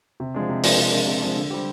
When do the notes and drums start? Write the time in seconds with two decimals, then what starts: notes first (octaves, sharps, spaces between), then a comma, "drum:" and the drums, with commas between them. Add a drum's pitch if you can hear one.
0.20 C3
0.34 F3 G#3 D4
0.49 C3
0.64 F3 G#3 D4, drum: open hi-hat
0.77 C3
0.92 F3 G#3 D4
1.07 C3
1.22 F3 G#3 D4
1.36 D3
1.50 G3 C4 G4